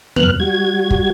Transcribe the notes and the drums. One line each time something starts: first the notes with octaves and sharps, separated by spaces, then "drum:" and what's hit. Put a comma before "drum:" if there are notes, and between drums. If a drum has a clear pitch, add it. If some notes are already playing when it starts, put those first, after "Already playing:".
F#2 B3 F6 F#6, drum: tom E2
G3 F#4 G#6
drum: kick